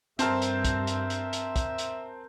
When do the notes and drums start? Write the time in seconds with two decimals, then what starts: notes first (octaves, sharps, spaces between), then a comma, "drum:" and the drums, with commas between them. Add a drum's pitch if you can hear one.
0.19 G2 C4 A#4 C5 E5 A5 F6, drum: hi-hat
0.42 drum: hi-hat
0.65 drum: kick, hi-hat
0.87 drum: hi-hat
1.10 drum: hi-hat
1.33 drum: hi-hat
1.56 drum: kick, hi-hat
1.78 drum: hi-hat